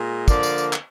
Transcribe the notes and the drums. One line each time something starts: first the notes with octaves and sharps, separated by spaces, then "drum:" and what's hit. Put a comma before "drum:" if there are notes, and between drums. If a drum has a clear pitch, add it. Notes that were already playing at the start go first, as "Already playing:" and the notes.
Already playing: A#2 G#3
D3 F3 A#3 D5, drum: kick, tambourine
drum: tambourine
drum: tambourine
drum: clap